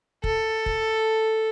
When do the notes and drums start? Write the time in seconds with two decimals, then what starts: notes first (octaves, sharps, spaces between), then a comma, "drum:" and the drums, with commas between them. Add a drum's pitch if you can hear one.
0.24 A4, drum: kick
0.66 drum: kick